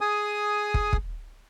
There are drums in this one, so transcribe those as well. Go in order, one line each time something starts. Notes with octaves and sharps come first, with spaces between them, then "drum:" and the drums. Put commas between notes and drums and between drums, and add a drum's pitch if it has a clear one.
G#4 G#5 D#6
drum: kick
drum: kick